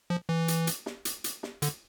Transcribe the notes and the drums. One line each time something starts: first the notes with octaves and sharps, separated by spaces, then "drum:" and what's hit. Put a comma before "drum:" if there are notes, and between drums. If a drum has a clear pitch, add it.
F3
E3
drum: hi-hat
drum: hi-hat
drum: snare
drum: hi-hat
drum: hi-hat
drum: snare
D3, drum: hi-hat